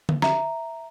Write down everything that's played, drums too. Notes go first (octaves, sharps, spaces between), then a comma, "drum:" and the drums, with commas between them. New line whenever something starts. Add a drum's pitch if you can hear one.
drum: tom
E5 A#5, drum: snare